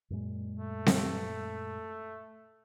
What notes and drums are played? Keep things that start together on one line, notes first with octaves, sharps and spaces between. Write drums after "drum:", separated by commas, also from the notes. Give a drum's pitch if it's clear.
F#2 A#2 G#3
A3
drum: snare C4